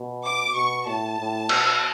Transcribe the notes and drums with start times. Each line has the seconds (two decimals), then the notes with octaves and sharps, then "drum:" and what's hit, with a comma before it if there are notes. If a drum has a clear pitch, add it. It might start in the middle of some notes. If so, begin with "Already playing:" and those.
Already playing: B2
0.23 D6
0.55 B2 C#6
0.87 A2 A5
1.19 A2
1.49 B2, drum: cymbal